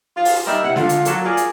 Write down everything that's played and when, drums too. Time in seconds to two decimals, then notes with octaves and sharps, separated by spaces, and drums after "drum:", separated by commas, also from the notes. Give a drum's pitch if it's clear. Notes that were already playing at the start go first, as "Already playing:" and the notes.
0.16 F4
0.25 drum: open hi-hat
0.46 G3 A#3 D#4 A#4 D5 E5
0.64 C3 E4 F#5
0.76 D3 F4, drum: snare
0.89 drum: hi-hat
1.05 F#3 A#3 A4, drum: hi-hat
1.24 F4 G#4 A#4 D5
1.37 drum: hi-hat